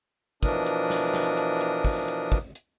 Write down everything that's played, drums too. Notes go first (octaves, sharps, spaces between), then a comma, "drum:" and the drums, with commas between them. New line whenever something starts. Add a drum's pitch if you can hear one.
B2 E3 F3 D4 A#4 D#6, drum: kick, hi-hat
drum: hi-hat
drum: snare
drum: snare
drum: hi-hat
drum: hi-hat
drum: kick, open hi-hat
drum: hi-hat
drum: kick
drum: hi-hat